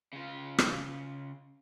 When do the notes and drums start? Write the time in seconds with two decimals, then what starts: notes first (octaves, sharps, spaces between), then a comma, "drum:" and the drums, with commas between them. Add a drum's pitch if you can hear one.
0.13 C#3 F4
0.58 drum: rim click